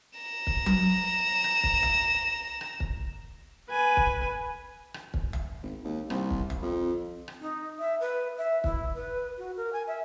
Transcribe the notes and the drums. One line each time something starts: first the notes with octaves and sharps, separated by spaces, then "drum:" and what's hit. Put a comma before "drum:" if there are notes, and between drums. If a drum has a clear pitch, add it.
A#5 E7
drum: kick
drum: tom F#3
drum: rim click
drum: kick
drum: tom
drum: rim click
drum: kick
B4 G#5
drum: kick
drum: rim click
drum: kick
drum: tom
G#1
D#2
C2, drum: rim click
drum: kick
drum: tom
F2
drum: rim click
D#4
E5
B4
E5
E4, drum: kick
B4
F#4
A#4
G#5
E5